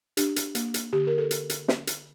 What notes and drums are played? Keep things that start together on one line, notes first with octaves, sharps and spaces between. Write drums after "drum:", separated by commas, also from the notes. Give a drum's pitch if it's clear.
D4 G4, drum: hi-hat
drum: hi-hat
A#3, drum: hi-hat
drum: hi-hat
D3 G4
A#4
A4
drum: hi-hat
drum: hi-hat
drum: snare
drum: hi-hat